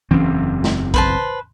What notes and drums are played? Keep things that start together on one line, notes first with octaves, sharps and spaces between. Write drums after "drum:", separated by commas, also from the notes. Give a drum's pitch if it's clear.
F#1 E2 E3 C4 C#4
drum: snare
B4 C5 A5, drum: kick A#1